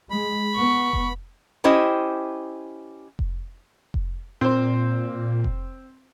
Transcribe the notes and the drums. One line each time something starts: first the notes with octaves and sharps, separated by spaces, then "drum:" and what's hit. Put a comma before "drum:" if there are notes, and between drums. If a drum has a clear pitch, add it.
G#3 B5
B3 C#6
drum: kick F1
C#4 E4 G4 C5 D#5 G5
drum: kick F1
drum: kick F1
A#2 C4 C5
drum: kick F1